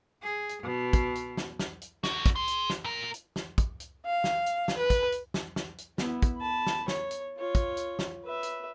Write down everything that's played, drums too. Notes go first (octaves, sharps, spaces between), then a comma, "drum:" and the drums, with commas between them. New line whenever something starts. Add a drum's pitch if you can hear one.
G#4
drum: hi-hat
B2
drum: kick, hi-hat
drum: hi-hat
drum: snare
drum: snare
drum: hi-hat
D3 F#4, drum: snare
drum: kick, hi-hat
G#4 C6
drum: hi-hat
drum: snare
A#2 A#4
drum: hi-hat
drum: snare
drum: kick, hi-hat
drum: hi-hat
F5
drum: snare
drum: hi-hat
drum: snare
B4
drum: kick, hi-hat
drum: hi-hat
drum: snare
drum: snare
drum: hi-hat
B3 E4, drum: snare
drum: kick, hi-hat
A5 B5
drum: snare
C#5, drum: snare
drum: hi-hat
F4 C#5
drum: kick, hi-hat
drum: hi-hat
drum: snare
B4 E5
drum: hi-hat